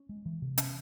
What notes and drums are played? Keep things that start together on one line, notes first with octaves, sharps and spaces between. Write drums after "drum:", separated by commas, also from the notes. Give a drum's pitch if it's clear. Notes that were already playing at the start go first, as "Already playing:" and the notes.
Already playing: C#4
G#3
E3
C3
C#4, drum: hi-hat